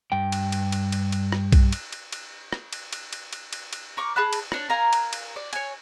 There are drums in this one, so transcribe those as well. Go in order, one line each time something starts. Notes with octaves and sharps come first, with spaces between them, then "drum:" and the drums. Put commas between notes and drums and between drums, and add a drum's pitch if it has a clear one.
G2 G5
drum: cymbal
drum: cymbal
drum: cymbal
drum: cymbal
drum: cymbal
drum: rim click
drum: kick B1, cymbal
drum: cymbal
drum: cymbal
drum: cymbal
drum: rim click
drum: cymbal
drum: cymbal
drum: cymbal
drum: cymbal
drum: cymbal
drum: cymbal
A#4 C#6 D6
G#4 A5 B5 F#6
drum: cymbal
D4 C#5, drum: rim click
A#4 F5 G#5 A#5
drum: cymbal
drum: cymbal
D5
C#5 G#5, drum: cymbal